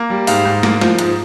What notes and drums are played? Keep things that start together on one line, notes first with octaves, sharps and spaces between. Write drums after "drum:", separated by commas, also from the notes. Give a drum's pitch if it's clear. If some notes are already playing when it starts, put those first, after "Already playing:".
Already playing: A#3
G3
G#2 F5, drum: open hi-hat
G#2
A#3, drum: snare
F3, drum: snare
G#2, drum: hi-hat